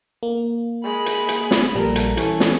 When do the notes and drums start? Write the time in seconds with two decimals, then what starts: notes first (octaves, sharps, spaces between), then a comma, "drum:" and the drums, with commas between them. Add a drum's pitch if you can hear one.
0.23 A#3
0.84 G#3 B5
1.06 drum: hi-hat
1.29 drum: hi-hat
1.51 drum: snare
1.75 A#1 A#2 G3 A4 A#4
1.96 drum: hi-hat
2.17 E3 C#4 A4, drum: hi-hat
2.40 drum: snare